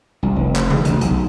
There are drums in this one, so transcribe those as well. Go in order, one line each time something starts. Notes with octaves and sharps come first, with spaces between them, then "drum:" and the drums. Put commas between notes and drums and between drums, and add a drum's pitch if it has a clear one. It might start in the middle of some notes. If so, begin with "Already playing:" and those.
C2
F1
drum: clap
drum: tom C3
D2, drum: hi-hat
B1, drum: hi-hat